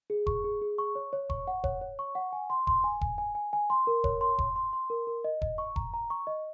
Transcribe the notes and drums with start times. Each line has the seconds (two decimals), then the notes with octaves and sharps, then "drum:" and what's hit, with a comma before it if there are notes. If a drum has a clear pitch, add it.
0.10 G#4
0.27 C#6, drum: kick E1
0.44 G#4
0.62 G#4
0.78 C#6
0.95 C#5
1.13 C#5
1.30 C#6, drum: kick E1
1.47 F#5
1.64 C#5, drum: kick E1
1.81 C#5
1.99 C#6
2.15 F#5
2.33 G#5
2.50 C6
2.67 C6, drum: kick E1
2.84 G#5
3.01 G#5, drum: kick E1
3.18 G#5
3.35 G#5
3.53 G#5
3.70 C6
3.87 A#4
4.04 C#5, drum: kick E1
4.21 C6
4.39 C6, drum: kick E1
4.56 C6
4.73 C6
4.90 A#4
5.07 A#4
5.24 D#5
5.42 D#5, drum: kick E1
5.58 C#6
5.76 A#5, drum: kick E1
5.94 A#5
6.10 C#6
6.27 D#5